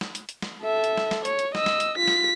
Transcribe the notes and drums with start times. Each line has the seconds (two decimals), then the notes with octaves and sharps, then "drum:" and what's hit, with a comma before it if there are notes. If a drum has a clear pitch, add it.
0.01 drum: snare
0.15 drum: hi-hat
0.29 drum: hi-hat
0.42 drum: snare
0.63 A4 E5
0.84 drum: hi-hat
0.97 drum: snare
1.11 drum: snare
1.25 C#5, drum: hi-hat
1.39 drum: hi-hat
1.55 D#5 E6, drum: snare
1.66 drum: snare
1.80 drum: hi-hat
1.98 F4 B6
2.08 drum: snare